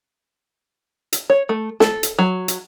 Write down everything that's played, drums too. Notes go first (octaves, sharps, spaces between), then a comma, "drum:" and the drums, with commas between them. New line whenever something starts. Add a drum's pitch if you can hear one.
drum: hi-hat
C#5
A3
A4, drum: snare
drum: hi-hat
F#3
drum: hi-hat